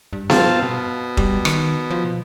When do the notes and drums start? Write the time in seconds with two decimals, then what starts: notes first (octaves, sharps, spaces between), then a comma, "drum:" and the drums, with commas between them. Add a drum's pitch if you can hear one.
0.13 G2
0.30 C4 F4 A5, drum: snare B3
0.62 B2
1.17 G3, drum: kick F1
1.45 D#3, drum: rim click
1.90 F3